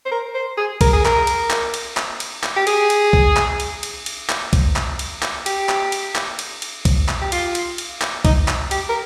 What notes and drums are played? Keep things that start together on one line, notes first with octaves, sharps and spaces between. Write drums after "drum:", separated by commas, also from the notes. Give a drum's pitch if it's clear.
C5
A#4
C5
G#4
A#4, drum: kick C2, cymbal
G#4
A#4, drum: clap
drum: cymbal
drum: clap
drum: cymbal
drum: clap
drum: cymbal
drum: clap
G4
G#4, drum: cymbal
drum: cymbal
drum: kick C2
drum: clap
drum: cymbal
drum: cymbal
drum: cymbal
drum: clap
drum: kick C2, cymbal
drum: clap
drum: cymbal
drum: clap
G4, drum: cymbal
drum: clap
drum: cymbal
drum: clap
drum: cymbal
drum: cymbal
drum: kick C2, cymbal
drum: clap
G4
F4, drum: cymbal
drum: cymbal
drum: cymbal
drum: clap
D#4, drum: kick C2, cymbal
drum: clap
G4, drum: cymbal
A#4